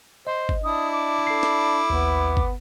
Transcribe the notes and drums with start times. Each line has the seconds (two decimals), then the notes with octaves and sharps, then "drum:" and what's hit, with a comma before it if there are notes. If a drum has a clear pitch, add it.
0.27 C5 D#5
0.49 drum: kick G1
0.64 D4 E4 D#6
0.92 D6
1.27 A4 C7
1.43 drum: snare
1.90 A1 D#2 B3
2.37 drum: kick G1